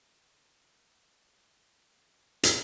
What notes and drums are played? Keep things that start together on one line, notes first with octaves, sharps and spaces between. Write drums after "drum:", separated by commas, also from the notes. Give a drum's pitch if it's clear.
G4 G#4
drum: hi-hat